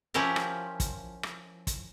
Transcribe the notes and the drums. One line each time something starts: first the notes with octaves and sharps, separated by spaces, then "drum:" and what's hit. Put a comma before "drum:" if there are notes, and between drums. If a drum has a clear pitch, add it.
F3 C#4 E4 G4 A#4
drum: rim click
drum: kick, hi-hat
drum: rim click
drum: kick, hi-hat